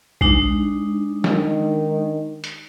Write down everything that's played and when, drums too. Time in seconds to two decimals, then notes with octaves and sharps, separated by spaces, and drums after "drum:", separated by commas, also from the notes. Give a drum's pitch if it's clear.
0.21 G#3 D4 D#4, drum: kick
1.24 D#3, drum: snare
2.44 drum: hi-hat